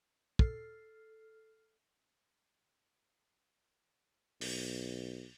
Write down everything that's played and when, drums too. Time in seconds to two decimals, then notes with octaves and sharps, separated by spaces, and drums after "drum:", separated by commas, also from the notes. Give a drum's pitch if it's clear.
0.39 A4 F6 C7, drum: kick
4.41 B1, drum: open hi-hat